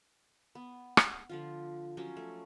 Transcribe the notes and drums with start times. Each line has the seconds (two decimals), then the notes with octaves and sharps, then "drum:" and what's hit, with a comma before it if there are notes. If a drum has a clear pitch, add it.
0.55 B3
0.97 drum: rim click
1.29 D3 F3 F4
1.97 F3 F#3 C#4
2.17 A3